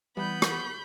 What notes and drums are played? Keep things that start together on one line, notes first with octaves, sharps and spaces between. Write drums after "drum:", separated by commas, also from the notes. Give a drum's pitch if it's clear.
E3 G3 B3 B5 G6
drum: rim click